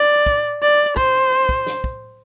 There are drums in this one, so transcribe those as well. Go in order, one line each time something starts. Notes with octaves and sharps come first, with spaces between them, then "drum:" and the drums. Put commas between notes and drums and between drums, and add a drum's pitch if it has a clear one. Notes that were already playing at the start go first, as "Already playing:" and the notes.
Already playing: D5
drum: kick
D5
C5, drum: kick
drum: kick
drum: snare
drum: kick